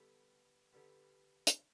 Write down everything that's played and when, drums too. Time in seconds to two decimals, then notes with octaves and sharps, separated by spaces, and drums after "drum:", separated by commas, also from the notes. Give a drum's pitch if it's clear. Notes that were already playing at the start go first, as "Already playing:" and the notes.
Already playing: D3 G3 B3
0.73 D3 G3 B3
1.47 drum: hi-hat